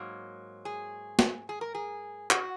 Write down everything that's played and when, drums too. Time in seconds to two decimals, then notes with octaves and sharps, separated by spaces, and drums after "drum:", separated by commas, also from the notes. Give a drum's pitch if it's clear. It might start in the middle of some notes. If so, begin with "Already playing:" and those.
Already playing: G#2 F#3 A#3
0.65 G#4
1.19 drum: snare
1.49 G#4
1.61 A#4
1.75 G#4
2.31 F#4, drum: clap